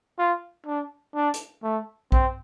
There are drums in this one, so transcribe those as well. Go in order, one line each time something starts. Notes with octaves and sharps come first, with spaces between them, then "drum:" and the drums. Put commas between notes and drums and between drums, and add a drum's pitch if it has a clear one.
F4
D4
D4
drum: hi-hat
A3
C4, drum: kick B1